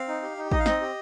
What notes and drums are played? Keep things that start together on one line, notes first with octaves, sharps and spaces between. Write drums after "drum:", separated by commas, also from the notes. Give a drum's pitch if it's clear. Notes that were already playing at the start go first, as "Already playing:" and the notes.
Already playing: C4 F5
D#4
G4
D#4
D#4 D#5, drum: kick
F5
C4 D#5, drum: snare
G4